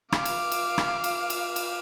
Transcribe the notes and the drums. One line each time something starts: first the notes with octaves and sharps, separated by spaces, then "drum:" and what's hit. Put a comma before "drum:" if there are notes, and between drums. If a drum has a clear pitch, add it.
F5 D6, drum: rim click
drum: cymbal
drum: cymbal
drum: rim click
drum: cymbal
drum: cymbal
drum: cymbal